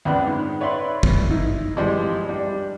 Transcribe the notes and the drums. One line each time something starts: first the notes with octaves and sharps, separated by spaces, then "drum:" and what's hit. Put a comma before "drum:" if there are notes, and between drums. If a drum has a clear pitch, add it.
C#2 B3 C4 D4 B5 F#6
G#2
B4 C#5 D5 E5 B5 C6
drum: kick
D#4 E4
E3 F3 G3 G#3
G3 D4